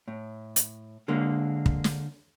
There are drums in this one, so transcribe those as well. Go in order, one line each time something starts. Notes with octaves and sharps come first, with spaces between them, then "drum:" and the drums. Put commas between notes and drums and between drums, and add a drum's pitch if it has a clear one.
A2
drum: hi-hat
D3 G#3 A#3
drum: kick
drum: snare